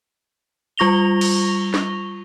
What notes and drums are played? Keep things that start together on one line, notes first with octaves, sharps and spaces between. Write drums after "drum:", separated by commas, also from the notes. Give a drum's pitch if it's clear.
G3 F4 C#6 A#6 F7 G7
drum: cymbal
drum: snare